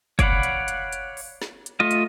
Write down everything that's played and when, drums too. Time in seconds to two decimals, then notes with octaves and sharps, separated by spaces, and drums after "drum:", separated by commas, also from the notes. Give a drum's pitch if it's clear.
0.19 C#5 D5 F5 F#5 B5, drum: kick, hi-hat
0.43 drum: hi-hat
0.68 drum: hi-hat
0.92 drum: hi-hat
1.17 drum: open hi-hat
1.42 drum: snare
1.66 drum: hi-hat
1.80 A3 F4 D#5
1.91 drum: hi-hat